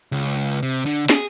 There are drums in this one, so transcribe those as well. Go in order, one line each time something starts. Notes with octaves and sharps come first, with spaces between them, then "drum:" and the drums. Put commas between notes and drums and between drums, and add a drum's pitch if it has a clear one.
C#2
C3
D3
G#4, drum: snare